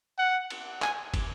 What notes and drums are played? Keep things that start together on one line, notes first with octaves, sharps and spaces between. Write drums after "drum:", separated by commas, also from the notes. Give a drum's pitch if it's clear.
F#5
drum: cymbal
G#5, drum: clap
drum: kick, cymbal